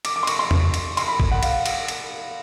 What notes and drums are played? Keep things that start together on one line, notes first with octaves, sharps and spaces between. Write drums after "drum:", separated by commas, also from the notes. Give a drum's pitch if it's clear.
D6, drum: cymbal
D6
C6
C#6, drum: cymbal
C6
drum: tom E2
drum: cymbal
C6, drum: cymbal
B5
drum: kick G#1
F#5
F5, drum: cymbal
drum: cymbal
drum: cymbal